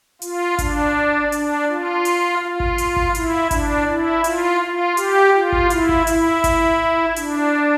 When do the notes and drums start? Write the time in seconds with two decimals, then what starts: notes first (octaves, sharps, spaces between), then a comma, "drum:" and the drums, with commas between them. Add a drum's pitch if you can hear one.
0.22 F4, drum: hi-hat
0.59 D4, drum: kick G#1, hi-hat
1.32 D4, drum: hi-hat
1.69 F4
2.05 drum: hi-hat
2.42 F4
2.60 drum: kick G#1
2.78 drum: hi-hat
2.96 drum: kick G#1
3.15 E4, drum: hi-hat
3.51 D4, drum: kick G#1, hi-hat
3.88 E4
4.24 F4, drum: hi-hat
4.60 F4
4.97 G4, drum: hi-hat
5.34 F4
5.52 drum: kick G#1
5.70 E4, drum: hi-hat
5.89 drum: kick G#1
6.07 E4, drum: hi-hat
6.44 drum: kick G#1, hi-hat
7.16 D4, drum: hi-hat